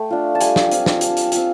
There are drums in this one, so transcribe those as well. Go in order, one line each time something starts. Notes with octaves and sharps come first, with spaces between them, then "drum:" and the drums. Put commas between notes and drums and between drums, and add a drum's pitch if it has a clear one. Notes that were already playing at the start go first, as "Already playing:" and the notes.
Already playing: A3 G5
D4 F4
A5
G3 G#5, drum: hi-hat
drum: snare
C4 F4, drum: hi-hat
drum: snare
G3 A5, drum: hi-hat
drum: hi-hat
C4 F4 G#5, drum: hi-hat